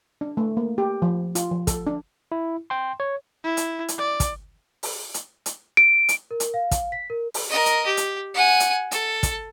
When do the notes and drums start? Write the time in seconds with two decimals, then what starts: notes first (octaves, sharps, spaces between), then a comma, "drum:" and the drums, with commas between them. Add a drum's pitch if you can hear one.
0.21 D4
0.37 A3
0.57 A#3
0.78 G4
1.02 F3
1.35 F4, drum: hi-hat
1.51 F3
1.67 A4, drum: kick, hi-hat
1.87 D4
2.32 E4
2.70 G5 C6
3.00 C#5
3.44 E4
3.57 drum: hi-hat
3.88 drum: hi-hat
3.98 D5
4.20 drum: kick, hi-hat
4.83 drum: open hi-hat
5.14 drum: hi-hat
5.46 drum: hi-hat
5.77 D7
6.09 drum: hi-hat
6.31 A#4
6.40 drum: hi-hat
6.54 F5
6.71 drum: kick, hi-hat
6.92 B6
7.10 A#4
7.34 drum: open hi-hat
7.49 A#4 D#5
7.66 drum: hi-hat
7.86 G4
7.97 drum: hi-hat
8.34 F#5 G#5
8.60 drum: hi-hat
8.91 A4, drum: hi-hat
9.23 drum: kick, hi-hat